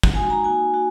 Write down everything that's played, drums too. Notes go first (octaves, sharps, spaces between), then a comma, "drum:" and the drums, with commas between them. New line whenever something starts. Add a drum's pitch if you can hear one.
drum: kick
G#3 D#4 F#4 G#5
A#5
A#3 D#4 F#4 G#5
A#3 D#4 F#4